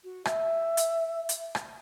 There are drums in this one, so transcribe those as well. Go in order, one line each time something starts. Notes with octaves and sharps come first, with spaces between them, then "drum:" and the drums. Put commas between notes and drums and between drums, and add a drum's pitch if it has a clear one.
F#4
E5, drum: rim click
drum: hi-hat
drum: hi-hat
drum: rim click